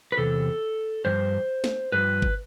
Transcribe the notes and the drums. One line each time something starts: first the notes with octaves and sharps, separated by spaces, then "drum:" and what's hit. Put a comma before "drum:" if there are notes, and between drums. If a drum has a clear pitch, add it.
B4
E2 C3 A4
G2 F3 C5
drum: snare
G2 F3 B4
drum: kick G1